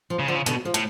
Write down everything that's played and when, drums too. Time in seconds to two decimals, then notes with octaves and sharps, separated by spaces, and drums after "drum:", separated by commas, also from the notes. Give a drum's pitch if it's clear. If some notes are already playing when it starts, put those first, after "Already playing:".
0.10 F3
0.19 C#3
0.28 D3 F3
0.35 C#3
0.46 B2 D3, drum: hi-hat
0.65 F3
0.74 A2, drum: hi-hat